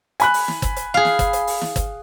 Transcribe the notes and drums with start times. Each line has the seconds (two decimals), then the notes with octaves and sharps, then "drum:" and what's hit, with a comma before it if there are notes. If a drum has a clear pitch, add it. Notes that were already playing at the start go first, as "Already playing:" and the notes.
0.20 G#5 B5 F#6, drum: hi-hat
0.34 drum: open hi-hat
0.48 drum: snare
0.62 drum: kick, hi-hat
0.76 drum: hi-hat
0.94 G#4 F5
1.05 drum: snare
1.19 drum: kick, hi-hat
1.33 drum: hi-hat
1.47 drum: open hi-hat
1.61 drum: snare
1.76 drum: kick, hi-hat